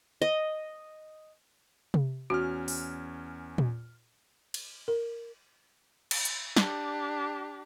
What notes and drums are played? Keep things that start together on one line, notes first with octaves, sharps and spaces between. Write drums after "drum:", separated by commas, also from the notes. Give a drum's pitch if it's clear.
D#5
drum: tom C3
E2 C#4 F#4 F6
drum: open hi-hat
drum: tom A#2
drum: cymbal
A#4
drum: cymbal
drum: hi-hat
D4 G4, drum: snare